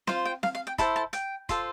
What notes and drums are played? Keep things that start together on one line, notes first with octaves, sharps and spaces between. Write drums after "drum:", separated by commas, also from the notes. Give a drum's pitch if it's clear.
F4 C5 F5, drum: snare C4
G5
F5, drum: snare C4
F5
G5
E4 A4 C5 A5, drum: kick, hi-hat
A5
G5, drum: hi-hat
F4 A4 C5, drum: kick, hi-hat